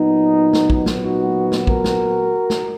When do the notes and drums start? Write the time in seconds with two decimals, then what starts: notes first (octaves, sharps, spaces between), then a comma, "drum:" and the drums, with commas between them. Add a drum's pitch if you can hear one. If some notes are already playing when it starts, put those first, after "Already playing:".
Already playing: A#2 F#3 B3 D#4
0.53 drum: snare
0.70 drum: kick
0.86 drum: snare
1.02 D#4 F#4
1.52 drum: snare
1.67 F#4 A#4, drum: kick
1.84 drum: snare
2.50 drum: snare